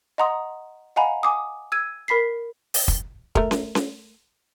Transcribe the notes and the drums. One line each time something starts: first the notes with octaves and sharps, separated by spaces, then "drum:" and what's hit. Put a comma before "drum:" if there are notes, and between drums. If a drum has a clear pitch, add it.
D#5 F#5 A#5 C6 D#6
D#5 F5 F#5 G#5 A#5 B5
G#5 D6 D#6
E6 G#6 D#7
A#4 B5 B6 C7
drum: open hi-hat
drum: kick
A3 A#4, drum: kick
drum: snare C#4
drum: snare C#4